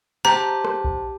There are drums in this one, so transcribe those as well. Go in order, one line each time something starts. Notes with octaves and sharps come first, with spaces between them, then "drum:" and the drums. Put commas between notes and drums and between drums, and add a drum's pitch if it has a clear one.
G4 C5 A5 A#5
drum: rim click
drum: kick A#1